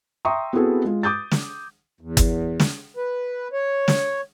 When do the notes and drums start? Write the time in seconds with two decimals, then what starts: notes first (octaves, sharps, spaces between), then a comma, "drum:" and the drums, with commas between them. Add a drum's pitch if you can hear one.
0.25 E5 G5 A#5 C6 C#6 D#6
0.53 B3 C4 E4 F#4 G#4 A4
0.85 G#3 F4
1.03 D6 D#6 G6 A6
1.31 drum: snare
2.01 E2
2.17 drum: kick, hi-hat
2.60 drum: snare
2.97 B4
3.53 C#5
3.88 drum: snare